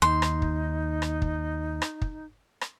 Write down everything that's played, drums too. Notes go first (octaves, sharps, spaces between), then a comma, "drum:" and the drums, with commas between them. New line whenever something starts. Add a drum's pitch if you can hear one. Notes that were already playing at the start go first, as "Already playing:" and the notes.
D#2 D#4 C6
drum: rim click
drum: kick
drum: rim click
drum: kick
drum: rim click
drum: kick
drum: rim click